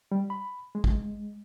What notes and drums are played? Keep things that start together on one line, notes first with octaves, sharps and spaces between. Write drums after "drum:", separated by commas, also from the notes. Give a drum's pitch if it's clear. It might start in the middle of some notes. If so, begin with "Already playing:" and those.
G3
B5
G#3
drum: kick